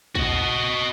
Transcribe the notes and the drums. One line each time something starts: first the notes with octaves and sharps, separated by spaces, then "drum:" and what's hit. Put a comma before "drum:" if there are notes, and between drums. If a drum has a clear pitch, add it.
F#4 D#5, drum: kick